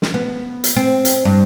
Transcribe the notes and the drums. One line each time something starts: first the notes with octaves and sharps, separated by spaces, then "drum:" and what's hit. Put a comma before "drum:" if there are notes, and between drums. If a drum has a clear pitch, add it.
drum: snare
B3
drum: hi-hat
C4
drum: hi-hat
G2